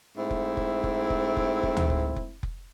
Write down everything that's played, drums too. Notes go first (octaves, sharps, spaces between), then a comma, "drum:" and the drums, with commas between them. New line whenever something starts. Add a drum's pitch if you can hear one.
G#2 A3 C4 E4
drum: kick F1
drum: kick F1
drum: kick F1
drum: kick F1
drum: kick F1
drum: kick F1
drum: tom D2
drum: kick F1
drum: kick F1
drum: kick F1